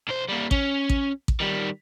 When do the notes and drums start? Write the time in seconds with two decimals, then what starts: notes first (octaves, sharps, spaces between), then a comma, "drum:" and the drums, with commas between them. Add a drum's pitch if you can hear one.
0.08 B1 C5
0.28 G3 A#3
0.51 C#4, drum: kick A1
0.90 drum: kick A1
1.28 drum: kick A1
1.41 D#3 G3